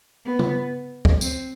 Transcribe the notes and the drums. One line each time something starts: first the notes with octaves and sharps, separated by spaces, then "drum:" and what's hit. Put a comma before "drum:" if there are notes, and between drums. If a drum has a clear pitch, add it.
B3
drum: tom
drum: kick
C4, drum: tambourine